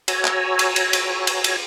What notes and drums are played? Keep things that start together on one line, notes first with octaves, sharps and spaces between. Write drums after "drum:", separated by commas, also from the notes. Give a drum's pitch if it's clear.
F#4 C#5 G#5 A#5 E6, drum: cymbal
drum: clap
drum: cymbal
drum: cymbal
drum: cymbal
drum: cymbal
drum: cymbal